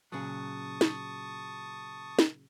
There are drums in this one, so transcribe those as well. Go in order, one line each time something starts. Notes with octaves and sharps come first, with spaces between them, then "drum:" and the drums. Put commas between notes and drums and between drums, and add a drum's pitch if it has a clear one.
A#2 C#3 F#3 A5 C#6 D#6
drum: snare
drum: snare